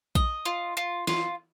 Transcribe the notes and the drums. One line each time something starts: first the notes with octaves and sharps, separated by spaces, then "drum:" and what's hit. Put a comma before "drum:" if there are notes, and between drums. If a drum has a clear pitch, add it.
D#5, drum: kick A#1
F4
F4
F4, drum: snare